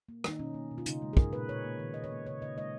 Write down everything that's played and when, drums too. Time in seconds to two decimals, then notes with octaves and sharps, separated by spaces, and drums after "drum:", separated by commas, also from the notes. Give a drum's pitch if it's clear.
0.09 A#3
0.24 D#3 D#4, drum: rim click
0.39 B2 C#4
0.54 A#3
0.71 B2
0.78 F4
0.86 C#3 D#4, drum: hi-hat
1.02 G#3
1.13 G#4
1.17 C#3 A#4, drum: kick
1.32 A#2 B4
1.48 A#2 C#5
1.64 A#3
1.79 D#3
1.94 D#3 D#5
2.04 C#5
2.11 A#3
2.26 C#3 C#5
2.42 C#3 D#5
2.57 G#3 D#5